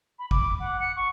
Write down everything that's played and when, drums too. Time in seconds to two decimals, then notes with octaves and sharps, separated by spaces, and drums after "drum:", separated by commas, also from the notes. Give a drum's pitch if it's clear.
0.19 B5
0.31 D6, drum: kick
0.60 F#5
0.80 C#7
0.96 C#6